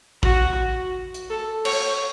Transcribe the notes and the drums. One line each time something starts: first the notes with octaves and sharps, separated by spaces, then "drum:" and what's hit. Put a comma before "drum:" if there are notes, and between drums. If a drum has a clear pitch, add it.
F#4, drum: kick
drum: hi-hat
A4
C#5, drum: cymbal